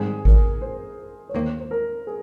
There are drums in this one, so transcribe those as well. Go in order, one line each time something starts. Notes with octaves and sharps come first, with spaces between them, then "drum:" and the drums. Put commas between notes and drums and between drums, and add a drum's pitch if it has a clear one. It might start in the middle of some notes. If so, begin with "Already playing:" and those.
Already playing: G#2 D#3 G3 C4 G#4
A#4, drum: kick G#1
C5
C#5
D#2 D#3 A#3 C5
C5
A#4
G#4